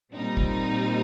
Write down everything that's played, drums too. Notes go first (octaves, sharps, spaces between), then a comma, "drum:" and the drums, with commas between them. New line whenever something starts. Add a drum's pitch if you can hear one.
A#2 G3 C4 D#4
drum: kick